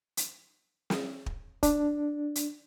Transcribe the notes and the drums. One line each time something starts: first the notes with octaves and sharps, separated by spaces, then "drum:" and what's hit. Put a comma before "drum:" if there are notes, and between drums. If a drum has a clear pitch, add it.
drum: hi-hat
drum: snare
drum: kick
D4, drum: kick, hi-hat
drum: hi-hat